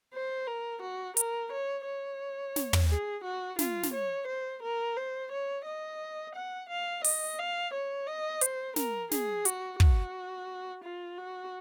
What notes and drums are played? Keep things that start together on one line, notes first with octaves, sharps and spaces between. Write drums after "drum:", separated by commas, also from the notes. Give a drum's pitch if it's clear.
C5
A#4
F#4
A#4, drum: hi-hat
C#5
C#5
drum: snare
drum: tom
G#4
F#4
F4, drum: snare
drum: snare
C#5
C5
A#4
C5
C#5
D#5
F#5
F5
D#5, drum: open hi-hat
F5
C#5
D#5
C5, drum: hi-hat
A#4, drum: snare
G#4, drum: snare
F#4, drum: hi-hat
F#4, drum: kick
F4
F#4